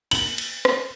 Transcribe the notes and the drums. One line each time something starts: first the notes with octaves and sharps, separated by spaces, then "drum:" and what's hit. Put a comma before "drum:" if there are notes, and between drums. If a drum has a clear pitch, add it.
F#7, drum: cymbal
drum: cymbal
drum: rim click